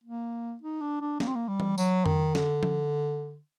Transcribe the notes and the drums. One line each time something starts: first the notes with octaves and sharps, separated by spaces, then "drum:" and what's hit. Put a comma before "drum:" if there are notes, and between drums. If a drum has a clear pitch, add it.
A#3
D#4
D4
D4
A#3, drum: snare
C4
A#3
G3
drum: tom E3
F#3, drum: tambourine
D#3, drum: tom F2
D3, drum: snare
drum: tom F3